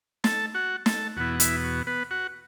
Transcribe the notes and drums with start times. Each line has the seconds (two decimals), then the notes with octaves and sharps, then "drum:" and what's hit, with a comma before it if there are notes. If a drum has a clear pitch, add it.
0.24 A4 A5, drum: snare
0.54 F#4 F#5
0.86 A4 A5, drum: snare
1.16 E2 B2 B3 E4 F#4 F#5
1.34 F#5
1.40 E4 E5, drum: hi-hat
1.64 F#4
1.87 B3 B4
2.11 F#4 F#5